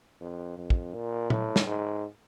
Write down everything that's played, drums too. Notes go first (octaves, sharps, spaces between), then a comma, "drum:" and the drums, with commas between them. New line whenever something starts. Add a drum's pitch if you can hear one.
F2
F2
drum: kick
A#2
A2, drum: tom
drum: snare
G#2